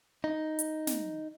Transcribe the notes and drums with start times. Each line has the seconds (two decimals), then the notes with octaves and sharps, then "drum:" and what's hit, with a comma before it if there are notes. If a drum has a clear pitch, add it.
0.24 D#4
0.59 drum: hi-hat
0.87 drum: snare